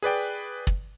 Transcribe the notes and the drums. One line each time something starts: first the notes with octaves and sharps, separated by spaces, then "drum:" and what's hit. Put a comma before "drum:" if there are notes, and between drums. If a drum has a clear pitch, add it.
G#4 B4 D5 G5
drum: kick